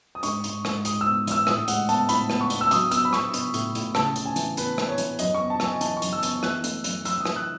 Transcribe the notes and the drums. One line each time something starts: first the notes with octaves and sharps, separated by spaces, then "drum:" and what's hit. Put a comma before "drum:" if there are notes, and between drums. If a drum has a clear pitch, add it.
D#6
G#2 C#6, drum: hi-hat
G#2, drum: hi-hat
G#2, drum: rim click
G#2 D#6, drum: hi-hat
E6
B3
E3 E6, drum: hi-hat
A2 D#6, drum: rim click
G#3 F#5, drum: hi-hat
B3 A5, drum: hi-hat
A2 B5, drum: hi-hat
B3, drum: rim click
C#6
B3, drum: hi-hat
E6
F#3 D#6, drum: hi-hat
B3 E6, drum: hi-hat
B5
B3 C#6, drum: rim click
B3, drum: hi-hat
A2, drum: hi-hat
A2, drum: hi-hat
C#3 A5, drum: rim click
C#3, drum: hi-hat
G#5
E3, drum: hi-hat
B3 B4, drum: hi-hat
B3, drum: rim click
C#5
E3, drum: hi-hat
F#2 D#5, drum: hi-hat
B3 C#6
A5
F#2, drum: rim click
G#5
E3 A5, drum: hi-hat
C#6
F#2, drum: hi-hat
E6
B3, drum: hi-hat
E3 F#6, drum: rim click
A3, drum: hi-hat
F#2, drum: hi-hat
F#2 E6, drum: hi-hat
D#6
E3, drum: rim click
F#6